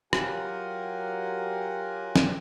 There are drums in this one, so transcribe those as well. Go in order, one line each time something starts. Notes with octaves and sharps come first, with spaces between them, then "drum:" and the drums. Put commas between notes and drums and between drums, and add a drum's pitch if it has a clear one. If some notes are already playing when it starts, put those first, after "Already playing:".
F#3 F4 G4 A#4 F#5 G#5, drum: rim click
drum: snare